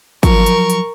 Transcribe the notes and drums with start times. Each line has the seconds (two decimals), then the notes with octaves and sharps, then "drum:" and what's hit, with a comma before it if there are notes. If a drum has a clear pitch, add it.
0.23 F3 F#3 A#4 C#6, drum: kick, hi-hat
0.46 drum: hi-hat
0.70 drum: hi-hat